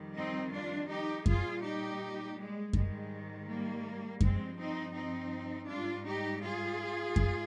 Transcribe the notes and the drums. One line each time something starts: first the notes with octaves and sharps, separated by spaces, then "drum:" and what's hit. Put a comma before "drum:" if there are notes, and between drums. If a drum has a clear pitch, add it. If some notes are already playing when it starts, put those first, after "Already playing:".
Already playing: F2 D#3 G3
C4 D#4
D4 F4
D#4 G4
A#2 G3 F4 G#4, drum: kick F#2
D#4 G4
G#3
G#2 D#3 G3 G#3, drum: kick F#2
G3 A#3
G2 F3 G#3 C4, drum: kick F#2
C4 D#4
C4 D#4
G#2 G3 D4 F4
D#4 G4
F4 G#4
G#2, drum: kick F#2